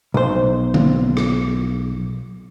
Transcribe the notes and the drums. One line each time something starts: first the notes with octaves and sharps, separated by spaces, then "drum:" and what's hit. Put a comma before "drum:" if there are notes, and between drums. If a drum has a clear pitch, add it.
B1 C5
drum: tom D3
drum: rim click